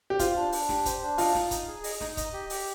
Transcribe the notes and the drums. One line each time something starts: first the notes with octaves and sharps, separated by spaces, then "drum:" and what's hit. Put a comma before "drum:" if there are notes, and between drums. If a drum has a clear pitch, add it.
G4
F4 C5, drum: kick, hi-hat
D4
D4, drum: open hi-hat
G4, drum: snare
C5, drum: kick, hi-hat
D4
F4 D#5, drum: open hi-hat
D#4, drum: snare
D#4, drum: kick, hi-hat
G#4
D#5, drum: open hi-hat
D#4, drum: snare
D#5, drum: kick, hi-hat
G4
G4, drum: open hi-hat